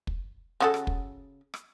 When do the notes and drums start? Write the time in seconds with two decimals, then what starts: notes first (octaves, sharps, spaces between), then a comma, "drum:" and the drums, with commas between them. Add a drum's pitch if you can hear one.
0.07 drum: kick
0.60 C#3 F#4 A4
0.74 drum: rim click
0.87 drum: kick
1.54 drum: rim click